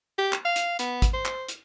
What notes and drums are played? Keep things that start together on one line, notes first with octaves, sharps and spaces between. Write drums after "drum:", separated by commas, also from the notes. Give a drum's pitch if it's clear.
G4
drum: clap
F5
drum: hi-hat
B3, drum: hi-hat
drum: kick G#1, hi-hat
C5
drum: clap
drum: hi-hat